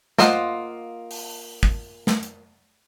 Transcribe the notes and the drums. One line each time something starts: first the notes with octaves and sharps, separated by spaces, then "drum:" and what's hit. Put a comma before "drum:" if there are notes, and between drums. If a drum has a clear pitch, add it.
A#3 F4 C5 D#5 F#5, drum: snare
drum: open hi-hat
drum: kick
drum: snare
drum: hi-hat